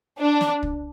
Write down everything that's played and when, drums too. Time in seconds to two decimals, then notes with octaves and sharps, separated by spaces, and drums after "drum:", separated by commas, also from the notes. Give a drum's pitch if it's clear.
0.19 D4
0.41 drum: snare
0.63 drum: kick